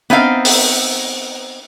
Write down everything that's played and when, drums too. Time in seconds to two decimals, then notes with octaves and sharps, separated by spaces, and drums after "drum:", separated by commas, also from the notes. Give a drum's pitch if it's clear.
0.10 B3 C4 D#4 F5
0.45 drum: open hi-hat